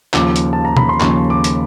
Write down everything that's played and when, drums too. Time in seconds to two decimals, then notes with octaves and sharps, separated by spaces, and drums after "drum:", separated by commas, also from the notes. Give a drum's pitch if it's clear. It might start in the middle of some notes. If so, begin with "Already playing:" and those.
0.14 D#2 C#3 F3 D6, drum: clap
0.36 drum: hi-hat
0.53 A5
0.65 A#5
0.77 B5, drum: tom B2
0.89 C6
1.01 D#2 C#3 F3 C#6, drum: clap
1.30 D6
1.44 drum: hi-hat